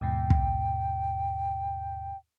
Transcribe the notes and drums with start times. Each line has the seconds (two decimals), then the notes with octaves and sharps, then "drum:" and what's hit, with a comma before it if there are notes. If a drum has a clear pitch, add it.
0.01 D#2 G#2 B2 G5
0.30 drum: kick